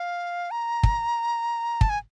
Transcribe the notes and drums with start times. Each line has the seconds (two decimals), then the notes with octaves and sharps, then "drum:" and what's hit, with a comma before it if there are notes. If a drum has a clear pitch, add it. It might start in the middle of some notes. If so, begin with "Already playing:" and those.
Already playing: F5
0.51 A#5
0.83 drum: kick
1.81 A5, drum: kick
1.90 G#5